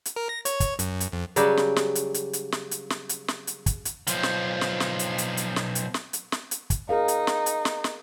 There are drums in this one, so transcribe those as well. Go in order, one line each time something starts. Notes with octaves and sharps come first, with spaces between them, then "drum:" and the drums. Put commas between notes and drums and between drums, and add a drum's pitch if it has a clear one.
drum: hi-hat
A#4
A#6
C#5, drum: hi-hat
C#5, drum: kick, hi-hat
F#2, drum: hi-hat
drum: hi-hat
F2
C#3 F#3 G3 F#4 G4 B4, drum: hi-hat
drum: snare
drum: snare
drum: hi-hat
drum: hi-hat
drum: hi-hat
drum: snare
drum: hi-hat
drum: snare
drum: hi-hat
drum: snare
drum: hi-hat
drum: kick, hi-hat
drum: hi-hat
B1 F3, drum: hi-hat
drum: snare
drum: snare
drum: snare
drum: hi-hat
drum: hi-hat
drum: hi-hat
drum: snare
drum: hi-hat
drum: snare
drum: hi-hat
drum: snare
drum: hi-hat
drum: kick, hi-hat
D#4 G#4 A#4 F5
drum: hi-hat
drum: snare
drum: hi-hat
drum: snare
drum: snare